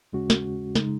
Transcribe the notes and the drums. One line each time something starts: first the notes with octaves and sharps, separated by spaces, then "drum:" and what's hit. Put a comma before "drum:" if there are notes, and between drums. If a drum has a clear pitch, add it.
D#2 C#3 G#3 C#4 F#4
drum: snare
C#3 G#3 D#4, drum: snare